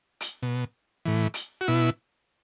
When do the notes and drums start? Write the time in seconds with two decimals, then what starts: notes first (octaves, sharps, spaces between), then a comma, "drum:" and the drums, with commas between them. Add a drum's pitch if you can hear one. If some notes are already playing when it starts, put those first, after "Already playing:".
0.20 drum: hi-hat
0.43 B2
1.06 A2 E3
1.34 drum: hi-hat
1.61 F#4
1.68 B2 E4